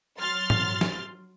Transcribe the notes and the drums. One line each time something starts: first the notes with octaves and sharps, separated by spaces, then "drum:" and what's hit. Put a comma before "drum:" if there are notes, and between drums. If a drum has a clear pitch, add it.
F#3 C6 F6 A6
drum: tom
drum: snare